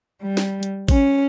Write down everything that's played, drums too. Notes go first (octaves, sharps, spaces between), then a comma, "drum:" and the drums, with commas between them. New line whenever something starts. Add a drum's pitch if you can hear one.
G3
drum: snare
drum: hi-hat
C#4, drum: kick G#1, open hi-hat